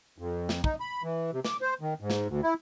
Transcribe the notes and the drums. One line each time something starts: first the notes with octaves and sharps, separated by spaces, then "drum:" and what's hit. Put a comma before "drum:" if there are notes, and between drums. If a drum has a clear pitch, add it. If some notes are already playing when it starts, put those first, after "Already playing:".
F2
drum: snare
D#4, drum: kick
B5
E3
C3
D6, drum: snare
C5
D#3
G#2
drum: snare
D2
E4